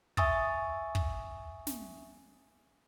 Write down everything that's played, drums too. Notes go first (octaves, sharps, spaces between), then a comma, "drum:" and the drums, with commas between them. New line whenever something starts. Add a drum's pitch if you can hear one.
E5 G#5 C#6 D#6 E6 A6, drum: kick
drum: kick
drum: snare